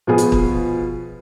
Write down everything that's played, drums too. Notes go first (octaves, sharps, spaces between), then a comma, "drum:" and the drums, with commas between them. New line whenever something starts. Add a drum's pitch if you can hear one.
B2 F3 B3 F4 G#4
drum: hi-hat
drum: kick